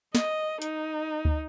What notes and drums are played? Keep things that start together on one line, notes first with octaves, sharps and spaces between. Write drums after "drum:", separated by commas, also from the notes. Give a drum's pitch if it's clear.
D#5, drum: snare
D#4, drum: hi-hat
drum: kick D2